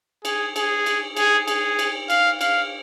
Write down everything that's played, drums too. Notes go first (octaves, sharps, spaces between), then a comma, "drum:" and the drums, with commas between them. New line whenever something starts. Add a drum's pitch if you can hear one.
G#4, drum: cymbal
G#4, drum: cymbal
drum: cymbal
G#4, drum: cymbal
G#4, drum: cymbal
drum: cymbal
F5, drum: cymbal
F5, drum: cymbal